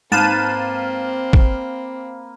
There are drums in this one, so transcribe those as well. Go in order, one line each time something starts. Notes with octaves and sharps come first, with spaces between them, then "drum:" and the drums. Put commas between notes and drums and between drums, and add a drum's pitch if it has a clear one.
G#2 A#3 C4 B4 F5 A5 D#7
drum: kick A1